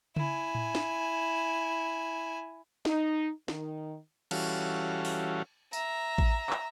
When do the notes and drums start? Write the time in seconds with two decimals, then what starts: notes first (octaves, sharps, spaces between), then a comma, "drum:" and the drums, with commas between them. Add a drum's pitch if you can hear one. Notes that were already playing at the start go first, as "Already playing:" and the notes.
0.16 E4 G#5, drum: tom C#3
0.55 drum: tom A2
0.75 drum: snare
2.85 D#4, drum: snare
3.48 D#3, drum: snare
4.31 E3 G3 C#4 F#4 A4 F5, drum: cymbal
5.05 drum: open hi-hat
5.73 E5 A#5, drum: tambourine
6.18 drum: kick A1
6.50 drum: clap